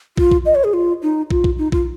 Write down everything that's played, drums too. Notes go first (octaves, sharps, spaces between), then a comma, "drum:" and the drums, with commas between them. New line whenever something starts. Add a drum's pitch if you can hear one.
F4, drum: kick
drum: kick
D#5
C#5
G#4
F4
D#4
F4, drum: kick
drum: kick
D#4
F4, drum: kick